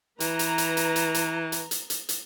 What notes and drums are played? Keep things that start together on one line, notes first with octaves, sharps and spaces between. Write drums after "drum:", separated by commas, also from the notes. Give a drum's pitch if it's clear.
E3 B4 A#5, drum: hi-hat
drum: hi-hat
drum: hi-hat
drum: hi-hat
drum: hi-hat
drum: hi-hat
drum: hi-hat
drum: hi-hat
drum: hi-hat
drum: hi-hat